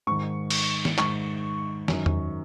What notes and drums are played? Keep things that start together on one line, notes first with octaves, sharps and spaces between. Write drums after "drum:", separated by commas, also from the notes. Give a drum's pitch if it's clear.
G#2 D#3 C#6
drum: cymbal
drum: snare
G#2 D#3 C#6, drum: clap
F#2 D#3, drum: snare
drum: tom E2